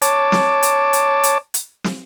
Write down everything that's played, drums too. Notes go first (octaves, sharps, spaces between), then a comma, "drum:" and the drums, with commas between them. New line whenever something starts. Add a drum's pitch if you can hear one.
C#5 A5 D6, drum: hi-hat
drum: snare
drum: hi-hat
drum: hi-hat
drum: hi-hat
drum: hi-hat
drum: snare